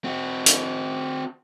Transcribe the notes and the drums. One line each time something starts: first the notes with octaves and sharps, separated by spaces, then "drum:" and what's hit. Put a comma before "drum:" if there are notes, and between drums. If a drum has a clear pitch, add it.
C4 F#4
drum: hi-hat